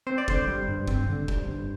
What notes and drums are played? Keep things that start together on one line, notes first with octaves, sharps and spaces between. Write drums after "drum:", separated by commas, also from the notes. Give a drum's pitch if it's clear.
C4 C5
D5
D3 C5, drum: kick
G3
G2
C4, drum: kick
D3
G3, drum: kick
G2